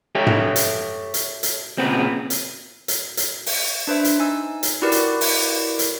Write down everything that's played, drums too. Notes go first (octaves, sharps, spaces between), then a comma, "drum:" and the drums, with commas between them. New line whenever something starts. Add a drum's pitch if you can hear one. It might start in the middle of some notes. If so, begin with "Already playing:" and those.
G4 A4 C#5 E5 G5
drum: tom
drum: hi-hat
drum: hi-hat
drum: hi-hat
A#2 C#3 B3 C4
drum: hi-hat
drum: hi-hat
drum: hi-hat
drum: open hi-hat
D4 B4 C5 E5
drum: hi-hat
D#4 G#5 E6
drum: hi-hat
E4 F#4 G4 A#4 B4 D5
drum: hi-hat
drum: open hi-hat
drum: hi-hat